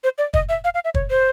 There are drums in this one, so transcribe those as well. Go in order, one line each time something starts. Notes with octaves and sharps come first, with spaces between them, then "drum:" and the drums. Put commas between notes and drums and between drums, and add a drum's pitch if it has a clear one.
C5
D5
D#5, drum: kick
E5
F5
F5
E5
C#5, drum: kick
C5